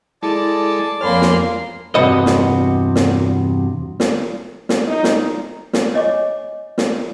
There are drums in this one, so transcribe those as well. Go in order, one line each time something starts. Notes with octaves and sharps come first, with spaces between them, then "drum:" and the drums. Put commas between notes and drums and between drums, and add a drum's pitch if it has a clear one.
G#3 E4 A4 D5 A5
F2 A#3 C#5 G#5 B5 C6 F6
drum: snare
E2 G2 C3 F#4 B4 D#5
drum: snare
drum: snare
drum: snare
drum: snare
D#4
drum: snare
drum: snare
C#5 D#5 G#5 D6
drum: snare